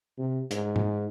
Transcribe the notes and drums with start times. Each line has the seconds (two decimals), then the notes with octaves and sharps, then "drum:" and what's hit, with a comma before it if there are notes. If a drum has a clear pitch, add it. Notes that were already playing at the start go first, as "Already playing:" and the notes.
0.18 C3
0.51 G#2, drum: hi-hat
0.76 drum: tom G#2